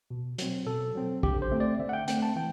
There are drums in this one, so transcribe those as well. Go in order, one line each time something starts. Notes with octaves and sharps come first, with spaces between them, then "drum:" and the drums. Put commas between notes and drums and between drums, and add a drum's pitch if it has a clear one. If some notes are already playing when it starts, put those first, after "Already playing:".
B2
F#3 C4, drum: hi-hat
B2 A4
F#3 C4
D3 G4, drum: kick
C5
A3 C4
D5
D3 E5
F#5
G5
A3 C4 G5, drum: hi-hat
A5
E3 G5